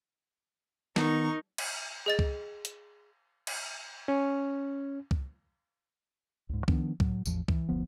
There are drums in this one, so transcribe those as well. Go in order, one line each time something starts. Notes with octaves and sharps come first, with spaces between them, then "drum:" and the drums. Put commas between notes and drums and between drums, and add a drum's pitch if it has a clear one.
D#3 B3 D#4 A#4 C#6, drum: snare
drum: cymbal
G#4 D#5 A6
drum: kick C2
drum: hi-hat
drum: cymbal
C#4
drum: kick C2
C#2 G#2
D#3 F3 B3 D4, drum: kick C2
A2 F#3, drum: kick C2
A1 E2 F3, drum: tambourine
E3, drum: kick C2
F#1 D2 F3 B3